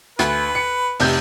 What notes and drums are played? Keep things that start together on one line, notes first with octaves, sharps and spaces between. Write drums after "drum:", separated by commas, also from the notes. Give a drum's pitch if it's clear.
D2 B4, drum: hi-hat
C#7
F1 C3 G6, drum: open hi-hat